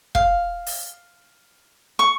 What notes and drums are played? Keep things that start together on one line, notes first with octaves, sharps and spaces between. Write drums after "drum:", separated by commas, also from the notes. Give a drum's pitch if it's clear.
F5, drum: kick
drum: open hi-hat
C#6